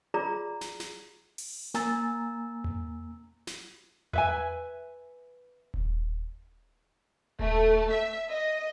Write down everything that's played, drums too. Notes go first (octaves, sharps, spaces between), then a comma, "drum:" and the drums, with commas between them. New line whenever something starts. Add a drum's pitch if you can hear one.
F4 G#4 D5 A#5
drum: snare
drum: snare
drum: open hi-hat
A#3 G#5 A#5 E6 A6, drum: snare
drum: tom E2
drum: snare
B4 E5 G#5, drum: tom E2
drum: kick D#1
A3, drum: kick D#1
E5
D#5